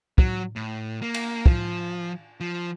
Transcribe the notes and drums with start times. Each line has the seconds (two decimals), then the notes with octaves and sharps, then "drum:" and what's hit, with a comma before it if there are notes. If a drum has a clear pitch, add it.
0.18 F#3, drum: kick
0.56 A2
1.02 A#3
1.14 drum: cymbal
1.46 F3, drum: kick
2.40 F3